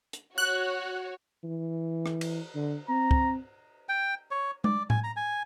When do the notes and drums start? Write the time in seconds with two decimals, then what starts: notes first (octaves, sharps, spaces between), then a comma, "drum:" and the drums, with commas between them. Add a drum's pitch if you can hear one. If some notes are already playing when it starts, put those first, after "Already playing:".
0.13 drum: hi-hat
0.38 F#4 C#5 F#6
1.43 E3
2.06 drum: rim click
2.21 drum: cymbal
2.55 D3
2.89 C4 A#5
3.11 drum: kick
3.89 G5
4.31 C#5
4.64 D5, drum: tom G#3
4.90 G#5, drum: tom A2
5.04 A#5
5.16 G#5